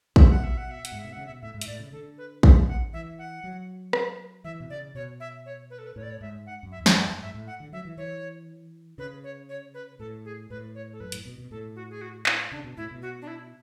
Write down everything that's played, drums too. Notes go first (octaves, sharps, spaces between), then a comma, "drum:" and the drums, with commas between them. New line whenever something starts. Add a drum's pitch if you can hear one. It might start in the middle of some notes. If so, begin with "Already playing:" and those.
B2 E5, drum: kick
F#5
E5
F#5
E5
F#5, drum: hi-hat
G#2
E5
B2
C#3 F#5
E5
B2
A2 E5
G#2
E5, drum: hi-hat
A2 D5
C#3
D3 A4
B4
E5, drum: kick
F#5
E3 E5
F#5
F#3
drum: rim click
E3 E5
B2
C#3 D5
B2 C#5
E5
C#5
B4
A4
B4
A2 C#5
D5
C#5
G#2 E5
F#5
F#2
E5
E2
E5, drum: snare
F#2 D5
F#2
G#2 E5
A2
F#5
D3
F#3 E5
E3
E3 C#5
C#3 B4
C#5
C#5
B4
A2 A4
G#4
A2 B4
C#5
A4
F#2 B4
A2, drum: hi-hat
B2
B2
A2 A4
F#4
G#4
F#4
E4, drum: clap
C#3 D4
B2
A2 E4
B2
F#4
D4
E4